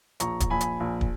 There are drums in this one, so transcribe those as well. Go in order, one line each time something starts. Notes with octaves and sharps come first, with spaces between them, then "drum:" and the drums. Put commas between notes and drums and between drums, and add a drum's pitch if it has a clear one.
A#1 A#5 C#6, drum: hi-hat
drum: kick, hi-hat
A#1 G#5 B5
drum: hi-hat
A#1
drum: kick